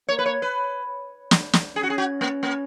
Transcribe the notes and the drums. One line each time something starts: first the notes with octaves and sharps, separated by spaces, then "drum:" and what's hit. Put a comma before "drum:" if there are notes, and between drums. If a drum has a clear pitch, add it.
A#3 C#5
B4
C#5
B4
drum: snare
drum: snare
C#4 G#4
F#4
G#4
F#4
A#3
A#3